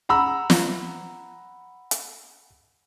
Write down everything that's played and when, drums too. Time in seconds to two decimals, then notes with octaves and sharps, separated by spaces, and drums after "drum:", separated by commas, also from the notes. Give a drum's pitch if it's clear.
0.09 F#5 A#5 B5 E6
0.50 drum: snare
1.91 drum: hi-hat